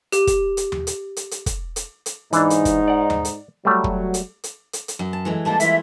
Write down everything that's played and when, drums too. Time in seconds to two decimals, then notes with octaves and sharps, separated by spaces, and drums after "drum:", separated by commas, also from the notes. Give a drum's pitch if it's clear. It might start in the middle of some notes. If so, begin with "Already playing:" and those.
0.12 G4, drum: hi-hat
0.27 drum: kick, hi-hat
0.57 drum: hi-hat
0.72 drum: tom D#2
0.87 drum: hi-hat
1.17 drum: hi-hat
1.31 drum: hi-hat
1.46 drum: kick, hi-hat
1.76 drum: hi-hat
2.06 drum: hi-hat
2.33 G#2 E3 D4 D#4, drum: hi-hat
2.50 drum: hi-hat
2.65 drum: kick, hi-hat
2.88 D5 F#5
3.10 drum: tom D#2
3.25 drum: hi-hat
3.65 F#3 G3 A3
3.84 drum: kick
4.14 drum: hi-hat
4.44 drum: hi-hat
4.73 drum: hi-hat
4.88 drum: hi-hat
4.99 F#2
5.13 A5
5.25 E3 G#3 A3
5.45 G3 G#3 A#3 A5
5.60 E3 E4 F4 E5, drum: hi-hat